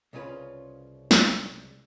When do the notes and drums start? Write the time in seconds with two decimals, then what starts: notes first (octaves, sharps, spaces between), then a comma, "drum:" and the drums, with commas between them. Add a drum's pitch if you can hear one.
0.13 C2 C#3 C#4 F4 B4
1.11 drum: snare